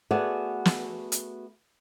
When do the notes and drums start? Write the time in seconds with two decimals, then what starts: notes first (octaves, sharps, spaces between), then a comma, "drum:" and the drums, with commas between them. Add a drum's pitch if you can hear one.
0.11 A3 B3 F#4 G#4 D5 F#5
0.65 drum: snare
1.12 drum: hi-hat